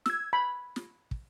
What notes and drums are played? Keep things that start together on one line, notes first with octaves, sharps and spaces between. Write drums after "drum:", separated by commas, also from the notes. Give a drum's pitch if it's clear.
E6 G#6, drum: snare
B5
drum: snare
drum: kick